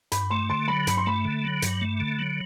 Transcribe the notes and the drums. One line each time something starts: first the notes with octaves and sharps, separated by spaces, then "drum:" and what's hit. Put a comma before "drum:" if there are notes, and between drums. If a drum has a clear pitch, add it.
G2 B5, drum: hi-hat
A3 C6
D3 C6
F#3 B5
G2 B5, drum: hi-hat
C6
A3 B5
D3
F#3
G2, drum: hi-hat
A3
D3
F#3